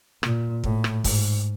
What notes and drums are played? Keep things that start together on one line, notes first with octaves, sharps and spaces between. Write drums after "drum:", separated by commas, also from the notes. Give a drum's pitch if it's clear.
A#2, drum: rim click
A2, drum: kick
drum: rim click
G#2, drum: kick, open hi-hat